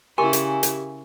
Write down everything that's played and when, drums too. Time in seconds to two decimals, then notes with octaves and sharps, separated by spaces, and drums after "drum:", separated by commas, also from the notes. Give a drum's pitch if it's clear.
0.18 C#3 E4 G4 A#4 G#5 C6 C#6
0.33 drum: hi-hat
0.63 drum: hi-hat